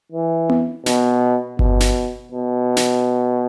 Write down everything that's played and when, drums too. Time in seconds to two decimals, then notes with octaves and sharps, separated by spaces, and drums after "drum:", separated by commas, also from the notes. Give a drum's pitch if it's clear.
0.12 E3
0.50 drum: tom B3
0.86 B2, drum: snare
1.59 B2, drum: kick G1
1.80 drum: snare
2.32 B2
2.77 drum: snare